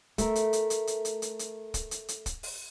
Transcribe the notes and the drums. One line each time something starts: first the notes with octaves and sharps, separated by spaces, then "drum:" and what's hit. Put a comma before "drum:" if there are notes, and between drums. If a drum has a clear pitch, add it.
A3 A#4, drum: kick, hi-hat
drum: hi-hat
drum: hi-hat
drum: hi-hat
drum: hi-hat
drum: hi-hat
drum: hi-hat
drum: hi-hat
drum: kick, hi-hat
drum: hi-hat
drum: hi-hat
drum: kick, hi-hat
drum: open hi-hat